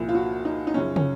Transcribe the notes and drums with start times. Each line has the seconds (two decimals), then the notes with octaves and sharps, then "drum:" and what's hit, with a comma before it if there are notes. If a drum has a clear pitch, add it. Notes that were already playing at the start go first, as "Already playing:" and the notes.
Already playing: C2 A#2 F3
0.09 F4
0.15 F#4
0.45 D#4
0.67 D#4
0.74 F#2 C#3 F3 C#4
0.96 C#4, drum: tom